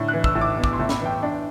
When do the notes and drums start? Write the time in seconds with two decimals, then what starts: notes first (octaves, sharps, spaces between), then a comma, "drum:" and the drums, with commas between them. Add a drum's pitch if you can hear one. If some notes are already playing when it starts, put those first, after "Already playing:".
Already playing: A2 D3
0.08 F#6
0.13 E3
0.24 E6, drum: kick
0.35 A2
0.41 D6
0.58 B3
0.64 D6, drum: kick
0.73 C6
0.79 A2
0.89 B5, drum: snare
1.01 E3 G5
1.23 D4